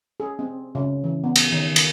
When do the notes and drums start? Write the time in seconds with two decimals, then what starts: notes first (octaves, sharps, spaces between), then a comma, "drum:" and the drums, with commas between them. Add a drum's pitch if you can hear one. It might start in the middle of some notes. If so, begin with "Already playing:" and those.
0.20 G#4
0.39 C4
0.75 C#3
1.04 E3
1.24 B3
1.36 drum: cymbal
1.52 D#3
1.76 drum: cymbal